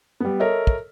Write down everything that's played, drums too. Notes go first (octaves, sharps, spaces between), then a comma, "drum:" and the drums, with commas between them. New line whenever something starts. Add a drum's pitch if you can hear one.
G3 B3
A4 A#4 C#5 D#5 E5
drum: kick